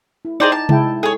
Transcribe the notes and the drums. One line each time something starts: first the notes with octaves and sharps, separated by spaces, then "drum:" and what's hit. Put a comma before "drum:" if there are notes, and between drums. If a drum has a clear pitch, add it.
E4
D#4 G#4 C5 D5 G5 A#5
A5
G#3 E4 G5, drum: tom C3
G#4 A4 C#5